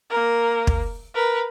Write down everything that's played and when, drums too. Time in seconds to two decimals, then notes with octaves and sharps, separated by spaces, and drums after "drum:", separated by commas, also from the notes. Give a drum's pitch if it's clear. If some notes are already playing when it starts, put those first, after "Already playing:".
0.10 A#3 A#4
0.67 drum: kick
1.15 A#4 B4